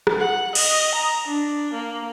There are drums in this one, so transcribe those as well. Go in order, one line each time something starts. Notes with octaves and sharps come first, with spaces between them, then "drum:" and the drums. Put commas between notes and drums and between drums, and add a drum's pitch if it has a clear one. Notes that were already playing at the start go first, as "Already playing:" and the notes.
drum: rim click
F#5
D#5, drum: cymbal
A#5
D4
A#3